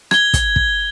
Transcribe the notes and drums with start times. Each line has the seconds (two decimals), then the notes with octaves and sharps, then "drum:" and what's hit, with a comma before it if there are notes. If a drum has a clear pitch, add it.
0.11 G#6 G7, drum: rim click
0.34 drum: kick, hi-hat
0.56 drum: kick